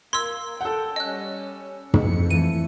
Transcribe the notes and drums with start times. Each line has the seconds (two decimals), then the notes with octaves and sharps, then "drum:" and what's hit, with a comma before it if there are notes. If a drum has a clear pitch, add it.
0.13 A#3 C6 E6 G#6
0.61 A4 F#5 G5
0.96 G3 C#4 D#5 F#6
1.94 F2 C#7, drum: tom
2.31 E3 A3 D#7